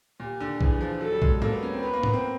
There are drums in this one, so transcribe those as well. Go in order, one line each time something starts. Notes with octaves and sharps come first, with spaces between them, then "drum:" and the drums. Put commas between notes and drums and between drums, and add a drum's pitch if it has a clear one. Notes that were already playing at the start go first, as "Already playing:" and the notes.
A#2 G4
D3
E3 G#4, drum: kick
F3
F#3 A4
G3
G#3, drum: kick
A#3 A4, drum: tom G#2
B3
C#4
C4
B3 B4
A#3
B3, drum: tom G#2
C4